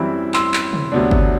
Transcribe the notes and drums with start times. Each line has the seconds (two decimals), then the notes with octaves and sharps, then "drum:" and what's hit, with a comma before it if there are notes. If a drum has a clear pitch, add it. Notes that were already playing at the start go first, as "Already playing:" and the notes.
Already playing: F#2 E3 G3 C4 E4 B5
0.34 C6 E6, drum: clap
0.54 drum: clap
0.73 drum: tom
0.92 D2 C3 F#3 B3 D4
1.11 drum: kick G1